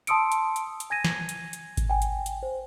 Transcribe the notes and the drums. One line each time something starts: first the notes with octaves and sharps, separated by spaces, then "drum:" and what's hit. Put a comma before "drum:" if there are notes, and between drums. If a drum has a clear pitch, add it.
A5 C6 D#6 E6 C#7 D7, drum: hi-hat
drum: hi-hat
drum: hi-hat
drum: hi-hat
G#5 G#6 A#6 D#7
drum: snare
drum: hi-hat
drum: hi-hat
drum: kick G#1, hi-hat
G5 G#5
drum: hi-hat
drum: hi-hat
C5